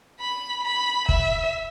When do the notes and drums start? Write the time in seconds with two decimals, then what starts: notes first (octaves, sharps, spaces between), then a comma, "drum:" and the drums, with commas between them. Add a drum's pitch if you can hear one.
0.20 B5
0.65 B5
1.09 E5, drum: kick